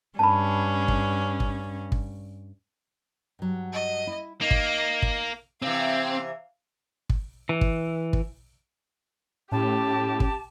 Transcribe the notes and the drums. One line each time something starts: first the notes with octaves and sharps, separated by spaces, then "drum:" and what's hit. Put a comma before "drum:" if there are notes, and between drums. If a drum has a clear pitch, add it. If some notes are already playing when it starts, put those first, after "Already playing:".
G2 C#4 A5 B5
drum: kick
drum: kick
drum: kick
G2 F#3
D#5
E4
A#3 D#4 D#5
drum: kick
drum: kick
C3 E3 C4 F5
drum: kick
E3
drum: kick
drum: kick
A2 C#4 G4 A5
drum: kick